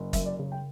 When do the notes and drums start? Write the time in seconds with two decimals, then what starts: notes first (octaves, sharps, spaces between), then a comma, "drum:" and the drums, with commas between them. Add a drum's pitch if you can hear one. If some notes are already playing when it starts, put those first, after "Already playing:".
Already playing: F#1
0.13 F#2 E5, drum: kick, hi-hat
0.26 D5
0.39 C#3
0.52 G5